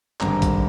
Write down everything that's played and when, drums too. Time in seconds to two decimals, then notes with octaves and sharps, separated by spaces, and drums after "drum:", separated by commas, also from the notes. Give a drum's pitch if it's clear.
0.20 G#1 G2 D3 A#5, drum: clap
0.42 drum: kick A#1, hi-hat